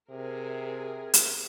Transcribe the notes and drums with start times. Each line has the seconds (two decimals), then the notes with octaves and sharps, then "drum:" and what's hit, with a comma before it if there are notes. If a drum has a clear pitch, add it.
0.10 C3 G#4 A#4
1.14 drum: hi-hat